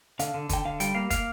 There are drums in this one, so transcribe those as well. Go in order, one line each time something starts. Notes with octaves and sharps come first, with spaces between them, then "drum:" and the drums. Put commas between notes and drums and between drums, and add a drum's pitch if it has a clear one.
D3 F5, drum: hi-hat
D3
D3 G5, drum: kick, hi-hat
D3 F5
G3 G5, drum: hi-hat
A#3 F5
A#3 F5, drum: kick, hi-hat